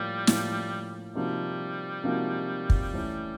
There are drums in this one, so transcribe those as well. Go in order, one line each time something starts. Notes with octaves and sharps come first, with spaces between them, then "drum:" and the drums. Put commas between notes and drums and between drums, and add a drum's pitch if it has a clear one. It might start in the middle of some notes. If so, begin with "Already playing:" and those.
Already playing: A2 F3 G3 A#3
A2 F3 A#3, drum: snare
C3 F3 G3 A#3 D#4 F#4
C3 F3 A#3 D#4 F#4
drum: kick
E3 A3 C#4 E4